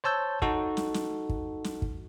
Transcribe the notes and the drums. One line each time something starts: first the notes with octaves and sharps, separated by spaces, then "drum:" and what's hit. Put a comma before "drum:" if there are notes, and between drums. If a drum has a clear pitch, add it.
C5 C#5 A5 E6 G6
D#4 F#4 A4, drum: kick
drum: snare
drum: snare
drum: kick
drum: snare
drum: kick